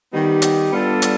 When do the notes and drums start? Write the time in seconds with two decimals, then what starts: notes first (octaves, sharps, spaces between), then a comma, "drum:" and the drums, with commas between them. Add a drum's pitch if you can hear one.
0.12 D#3 G3 B3 D#4 G4
0.42 drum: hi-hat
0.72 G3 B3 D4 F4 A4
1.02 drum: hi-hat